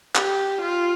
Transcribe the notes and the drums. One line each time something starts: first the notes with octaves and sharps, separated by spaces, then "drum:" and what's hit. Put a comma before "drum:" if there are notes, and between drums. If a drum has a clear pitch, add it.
G4, drum: clap
F4